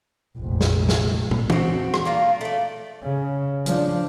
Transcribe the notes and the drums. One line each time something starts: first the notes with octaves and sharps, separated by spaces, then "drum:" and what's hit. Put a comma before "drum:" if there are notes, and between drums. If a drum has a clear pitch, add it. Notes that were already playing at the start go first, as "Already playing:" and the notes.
F1 A#1
drum: snare
drum: snare
drum: tom
C4 F#4, drum: tom E3
drum: rim click
A#3 D4 F4
A3 D5
C#3
F3 D4, drum: hi-hat